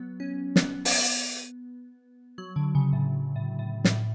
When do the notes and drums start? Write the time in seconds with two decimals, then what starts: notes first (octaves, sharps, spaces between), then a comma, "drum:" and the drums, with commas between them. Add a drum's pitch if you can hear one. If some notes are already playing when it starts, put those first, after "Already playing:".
Already playing: F#3 B3
0.20 C#4
0.56 B3, drum: snare
0.85 drum: open hi-hat
2.38 F#3
2.56 D3
2.75 C#3
2.93 A2
3.36 A2
3.59 A2
3.84 A2, drum: snare